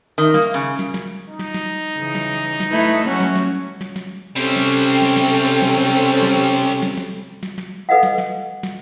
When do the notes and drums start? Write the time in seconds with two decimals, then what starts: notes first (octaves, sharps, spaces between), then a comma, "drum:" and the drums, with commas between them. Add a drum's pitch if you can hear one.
0.18 D#3
0.34 A#3, drum: snare
0.54 C#3
0.79 drum: snare
0.94 drum: snare
1.29 D#4
1.39 drum: snare
1.54 drum: snare
1.96 C#3 E3
2.15 drum: snare
2.60 drum: snare
2.72 A3 E4 B4
3.05 F#3 A3 C#4 F#4
3.20 drum: snare
3.35 drum: snare
3.81 drum: snare
3.96 drum: snare
4.36 C3 G3 C4 C#4 A4
4.56 drum: snare
5.01 drum: snare
5.16 drum: snare
5.62 drum: snare
5.77 drum: snare
6.22 drum: snare
6.37 drum: snare
6.82 drum: snare
6.97 drum: snare
7.43 drum: snare
7.58 drum: snare
7.89 A4 B4 D#5 F5 F#5
8.03 drum: snare
8.18 drum: snare
8.63 drum: snare